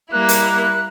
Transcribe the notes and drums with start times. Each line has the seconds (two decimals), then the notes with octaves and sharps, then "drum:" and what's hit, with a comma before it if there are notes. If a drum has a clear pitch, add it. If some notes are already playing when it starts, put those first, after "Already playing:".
0.12 G3 A#3 E4 F#6
0.29 drum: hi-hat